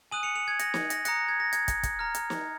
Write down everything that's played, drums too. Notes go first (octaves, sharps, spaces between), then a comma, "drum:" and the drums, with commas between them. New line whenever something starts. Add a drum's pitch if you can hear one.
G#5 D#6 F#6 D#7 F#7
C#7 F7
C#7 F7
G#6
A#6, drum: hi-hat
G#6, drum: snare
A#6, drum: hi-hat
A#5 D#6 F#6 A#6 C#7, drum: hi-hat
A#6
G#6
A#6
G#6, drum: hi-hat
drum: kick, hi-hat
drum: kick, hi-hat
A#5 F6
drum: hi-hat
drum: snare